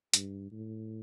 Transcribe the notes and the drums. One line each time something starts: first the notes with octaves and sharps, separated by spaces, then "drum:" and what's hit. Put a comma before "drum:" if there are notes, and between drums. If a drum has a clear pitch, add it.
G2, drum: hi-hat
A2